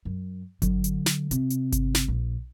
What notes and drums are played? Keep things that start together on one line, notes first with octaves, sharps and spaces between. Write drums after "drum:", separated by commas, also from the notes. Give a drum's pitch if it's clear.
F#2
D3 F#3, drum: kick G1, hi-hat
drum: hi-hat
drum: snare
C3, drum: hi-hat
drum: hi-hat
drum: kick G1, hi-hat
drum: snare
A#1